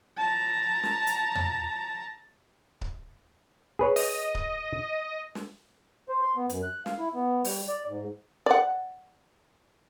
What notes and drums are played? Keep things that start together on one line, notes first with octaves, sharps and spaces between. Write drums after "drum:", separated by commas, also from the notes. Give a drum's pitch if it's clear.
A5 A#5
drum: snare
drum: hi-hat
drum: tom E2
drum: kick C#1
G#4 B4 C#5
D#5, drum: open hi-hat
drum: kick C#1
drum: snare
C5
C6
B3
F#2, drum: hi-hat
F#6
F5, drum: snare
E4
B3
G3, drum: open hi-hat
D5
G#2
D5 F#5